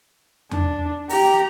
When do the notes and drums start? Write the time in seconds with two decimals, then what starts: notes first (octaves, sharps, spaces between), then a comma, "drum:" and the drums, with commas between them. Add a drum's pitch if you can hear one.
0.51 D4, drum: tom E2
1.09 G4 A#5, drum: open hi-hat